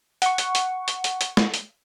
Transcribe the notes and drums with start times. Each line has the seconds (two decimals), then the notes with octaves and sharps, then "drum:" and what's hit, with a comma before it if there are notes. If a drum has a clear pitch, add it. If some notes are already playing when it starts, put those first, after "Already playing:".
0.22 F#5 C#6, drum: hi-hat
0.38 drum: hi-hat
0.55 drum: hi-hat
0.88 drum: hi-hat
1.04 drum: hi-hat
1.21 drum: hi-hat
1.37 drum: snare
1.54 drum: hi-hat